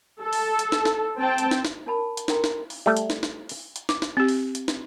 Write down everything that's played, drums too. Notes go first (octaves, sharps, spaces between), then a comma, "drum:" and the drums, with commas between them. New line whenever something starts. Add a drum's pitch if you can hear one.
A4
drum: open hi-hat
drum: hi-hat
drum: snare
drum: snare
C4 G5 A5
drum: hi-hat
drum: snare
drum: snare
D4 A#4 A5 B5
drum: hi-hat
D4 A4 A#4 G5 A#5 C6, drum: snare
drum: snare
drum: open hi-hat
G3 A3
drum: hi-hat
drum: snare
drum: snare
drum: open hi-hat
drum: hi-hat
D6, drum: snare
drum: snare
C4 G4
drum: open hi-hat
drum: hi-hat
drum: snare